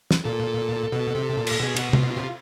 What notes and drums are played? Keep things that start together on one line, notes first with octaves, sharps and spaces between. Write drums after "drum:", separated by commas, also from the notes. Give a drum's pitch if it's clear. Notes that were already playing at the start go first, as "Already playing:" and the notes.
drum: snare
A#2 A4
B2
C3
A#2
drum: cymbal
B2 G#4
F#4, drum: cymbal
F4, drum: tom
F4
C3